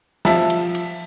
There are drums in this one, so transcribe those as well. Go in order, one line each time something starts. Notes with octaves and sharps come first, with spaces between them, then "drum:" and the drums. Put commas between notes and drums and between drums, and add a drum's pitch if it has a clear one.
F3 E5 A5, drum: snare
drum: cymbal
drum: cymbal